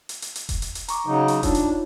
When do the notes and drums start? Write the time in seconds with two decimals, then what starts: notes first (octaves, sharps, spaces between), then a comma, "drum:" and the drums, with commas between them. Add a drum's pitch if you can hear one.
0.09 drum: hi-hat
0.22 drum: hi-hat
0.36 drum: hi-hat
0.49 drum: kick E1, hi-hat
0.62 drum: hi-hat
0.75 drum: hi-hat
0.88 A#5 C#6 D6, drum: hi-hat
1.07 C#3 F#3 D#4
1.28 drum: hi-hat
1.43 D4 D#4 F4 C#5, drum: kick E1, hi-hat
1.55 drum: hi-hat